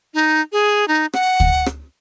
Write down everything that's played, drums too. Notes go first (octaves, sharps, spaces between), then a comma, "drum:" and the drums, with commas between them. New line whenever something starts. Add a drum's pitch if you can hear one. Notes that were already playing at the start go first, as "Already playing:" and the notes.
D#4
G#4
D#4
F#5, drum: rim click
drum: kick
drum: rim click